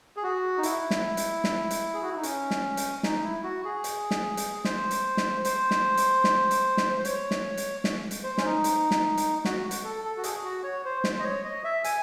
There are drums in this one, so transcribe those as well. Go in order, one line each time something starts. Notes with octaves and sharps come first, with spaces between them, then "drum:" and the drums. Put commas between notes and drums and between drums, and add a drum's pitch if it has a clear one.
G#4
F#4
D#4
E4, drum: hi-hat
drum: snare
drum: hi-hat
drum: snare
drum: hi-hat
G#4
F#4
E4
D#4
C#4, drum: hi-hat
drum: snare
drum: hi-hat
D#4, drum: snare
E4
F#4
G#4
drum: hi-hat
drum: snare
drum: hi-hat
C5, drum: snare
drum: hi-hat
drum: snare
C5, drum: hi-hat
drum: snare
drum: hi-hat
drum: snare
drum: hi-hat
drum: snare
C5
C#5, drum: hi-hat
drum: snare
drum: hi-hat
drum: snare
drum: hi-hat
C5
C#4, drum: snare
D#4
drum: hi-hat
drum: snare
drum: hi-hat
F#4, drum: snare
drum: hi-hat
A4
A4
F#4
G#4, drum: hi-hat
F#4
C#5
C5
C5, drum: snare
D#5
C#5
D#5
E5
G#5, drum: hi-hat